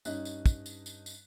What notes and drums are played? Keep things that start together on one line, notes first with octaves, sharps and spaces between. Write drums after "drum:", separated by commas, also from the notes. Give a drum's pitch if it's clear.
G2 C#4 D#4 F#6, drum: tambourine
drum: tambourine
drum: kick, tambourine
drum: tambourine
drum: tambourine
drum: tambourine